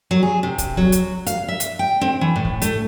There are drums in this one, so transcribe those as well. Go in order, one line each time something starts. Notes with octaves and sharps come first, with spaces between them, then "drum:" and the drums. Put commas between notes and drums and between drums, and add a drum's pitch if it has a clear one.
F#3
G#4
C3
drum: kick, hi-hat
F#3, drum: kick
drum: hi-hat
F5, drum: hi-hat
E5
drum: hi-hat
G5
C4
E3
A2
drum: kick
A3, drum: hi-hat